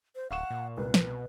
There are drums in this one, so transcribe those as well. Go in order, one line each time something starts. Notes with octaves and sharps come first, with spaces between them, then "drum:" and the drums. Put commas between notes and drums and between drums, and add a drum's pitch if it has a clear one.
C5
D1 F5 F#5 C#6 E7
A#2
C2 B4
drum: snare
B2